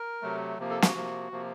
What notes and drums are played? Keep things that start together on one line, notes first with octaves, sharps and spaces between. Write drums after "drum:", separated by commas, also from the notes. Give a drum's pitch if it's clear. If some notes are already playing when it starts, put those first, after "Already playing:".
Already playing: A#4
C3 F#3 A3
C3 F3 A#3
A4
F#4, drum: snare
C3 F3 A#3
C3 F3 A#3